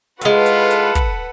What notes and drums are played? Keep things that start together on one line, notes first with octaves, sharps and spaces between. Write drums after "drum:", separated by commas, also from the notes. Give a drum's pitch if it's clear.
A2 G#3 F4 A4 B4 F#5, drum: hi-hat
drum: hi-hat
drum: hi-hat
drum: kick, hi-hat